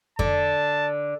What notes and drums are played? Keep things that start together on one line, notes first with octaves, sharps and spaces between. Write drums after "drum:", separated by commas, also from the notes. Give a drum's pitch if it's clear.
D3 A5, drum: kick F2